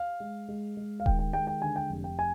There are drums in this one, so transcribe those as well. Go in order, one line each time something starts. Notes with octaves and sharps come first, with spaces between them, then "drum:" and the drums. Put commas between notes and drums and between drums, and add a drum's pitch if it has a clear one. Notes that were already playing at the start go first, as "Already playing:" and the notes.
Already playing: F5
G#3
G#3
G#3
F5
D#3 G5, drum: kick D#1
G5
G#3 G5
G5
D3 G#5
G5
F1
G5
G#5